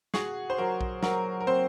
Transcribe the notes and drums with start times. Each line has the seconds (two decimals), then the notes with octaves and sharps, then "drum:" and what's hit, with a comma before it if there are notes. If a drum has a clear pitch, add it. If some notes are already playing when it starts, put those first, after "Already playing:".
0.14 F#4 G#4, drum: snare
0.50 C5
0.58 F#3 A#4
0.81 drum: kick A#1
1.03 F#3 A#4, drum: snare
1.40 A#4
1.47 C4 C5